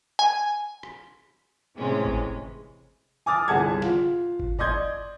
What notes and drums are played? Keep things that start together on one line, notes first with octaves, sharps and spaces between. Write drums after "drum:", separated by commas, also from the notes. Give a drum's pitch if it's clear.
G#5
drum: rim click
A2 C3 E3 G#3 C#4
drum: kick
G#5 D6 D#6 F6 A6
G1 C2 G#4 F#5 A5 G#6
F4, drum: snare
drum: kick
D5 D#5 C6 G6 G#6, drum: kick